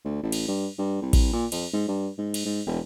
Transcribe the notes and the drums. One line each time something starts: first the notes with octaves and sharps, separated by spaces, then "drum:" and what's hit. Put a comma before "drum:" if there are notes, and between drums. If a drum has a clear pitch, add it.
D2
A1
drum: cymbal
G2
G2
C2
drum: kick A1, cymbal
A#2
F2, drum: cymbal
G#2
G2
G#2
drum: cymbal
G#2
E1